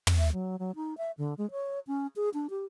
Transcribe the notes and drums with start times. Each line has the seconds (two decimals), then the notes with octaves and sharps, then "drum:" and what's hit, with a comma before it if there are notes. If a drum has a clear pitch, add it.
0.07 drum: tom
0.18 E5
0.32 F#3
0.59 F#3
0.76 D#4
0.97 E5
1.18 D3
1.38 G#3
1.51 C#5
1.87 C#4
2.16 G#4
2.34 D4
2.50 G4